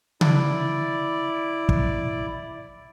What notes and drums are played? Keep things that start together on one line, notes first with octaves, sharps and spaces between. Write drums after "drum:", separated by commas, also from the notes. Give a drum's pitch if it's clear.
E4 D5, drum: tom C#3
drum: kick